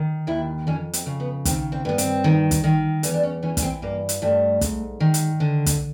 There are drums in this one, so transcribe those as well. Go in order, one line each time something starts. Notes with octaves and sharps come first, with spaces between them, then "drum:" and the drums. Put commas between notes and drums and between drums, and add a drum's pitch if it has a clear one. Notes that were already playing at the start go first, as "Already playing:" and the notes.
Already playing: D#3
D#2 E4
F2 C#4
C4, drum: hi-hat
C#3
B3
D#3 C4, drum: kick, hi-hat
C4
G2 B3
C4, drum: hi-hat
D#3
drum: kick, hi-hat
D#3
E2 C#4, drum: hi-hat
D4
C#4
E3 C#4
C#4, drum: kick, hi-hat
C4
G2 A#3
drum: hi-hat
G2 A3
G#2, drum: kick, hi-hat
D#3
drum: hi-hat
D3
drum: kick, hi-hat